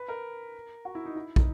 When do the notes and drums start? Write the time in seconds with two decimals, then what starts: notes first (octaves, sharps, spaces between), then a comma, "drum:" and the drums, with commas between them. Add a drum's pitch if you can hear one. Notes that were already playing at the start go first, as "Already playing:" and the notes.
Already playing: B4
0.08 A#4
0.85 F#4
0.95 E4
1.05 D#4
1.16 E4
1.36 D#4, drum: kick